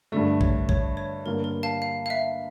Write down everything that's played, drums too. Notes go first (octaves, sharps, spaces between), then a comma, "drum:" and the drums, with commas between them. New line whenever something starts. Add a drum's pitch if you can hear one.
G2 D3 A3 D5
C#5, drum: kick A1
C#5, drum: kick A1
C#5
G2 D3 G3 A#3 A#4
A#4
F5 A5
F5
F5
E5